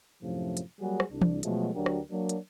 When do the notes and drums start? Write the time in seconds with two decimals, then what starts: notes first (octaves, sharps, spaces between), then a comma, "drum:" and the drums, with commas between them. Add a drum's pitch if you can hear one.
0.23 F#2 A2 C3 F3
0.57 drum: hi-hat
0.81 F#3 G3 A#3 F#4 G#4
1.00 drum: rim click
1.10 C2 D4
1.21 drum: tom
1.43 B2 F3 F#3 G#3 A3, drum: hi-hat
1.74 D2 F#3 D4 F#4 G4 A#4
1.86 drum: rim click
2.11 F#3 A#3 D4
2.29 drum: hi-hat